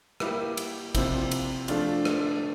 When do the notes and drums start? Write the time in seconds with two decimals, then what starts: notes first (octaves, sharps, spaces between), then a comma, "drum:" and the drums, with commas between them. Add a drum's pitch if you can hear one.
0.20 G3 A#3 E4 G4, drum: rim click
0.57 drum: cymbal
0.95 C3 F3 C4 E4, drum: kick, cymbal
1.31 drum: cymbal
1.68 F3 A3 D4 F4, drum: cymbal
2.05 drum: rim click